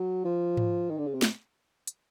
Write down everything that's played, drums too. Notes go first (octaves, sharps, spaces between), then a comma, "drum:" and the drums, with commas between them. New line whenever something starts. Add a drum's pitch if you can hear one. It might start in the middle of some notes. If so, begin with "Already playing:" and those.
Already playing: F#3
F3
drum: tom G#2
D#3
D3
C#3
C3
A#2, drum: snare
drum: hi-hat